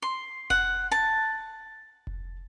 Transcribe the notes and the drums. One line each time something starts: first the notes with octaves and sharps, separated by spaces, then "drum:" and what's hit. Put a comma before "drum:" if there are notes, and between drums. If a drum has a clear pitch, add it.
C6
F#5, drum: kick F1
A5
drum: kick F1